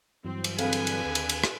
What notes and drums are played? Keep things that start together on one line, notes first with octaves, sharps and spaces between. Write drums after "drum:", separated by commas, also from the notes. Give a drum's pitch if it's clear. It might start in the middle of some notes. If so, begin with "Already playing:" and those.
G2 E3 F#3 C4
drum: cymbal
D3 C4 G#4 A4 B4 F5 G#5, drum: cymbal
drum: cymbal
drum: cymbal
D#2
drum: cymbal
drum: cymbal
drum: rim click